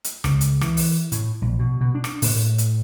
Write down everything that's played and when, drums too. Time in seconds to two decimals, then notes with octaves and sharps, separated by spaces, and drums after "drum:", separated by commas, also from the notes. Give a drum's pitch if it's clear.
0.04 drum: hi-hat
0.24 C#2, drum: rim click
0.41 drum: hi-hat
0.61 E3, drum: rim click
0.77 drum: open hi-hat
1.12 A2, drum: hi-hat
1.42 A#1
1.59 B2
1.81 B2
1.95 D4
2.04 drum: rim click
2.22 A2, drum: open hi-hat
2.58 drum: hi-hat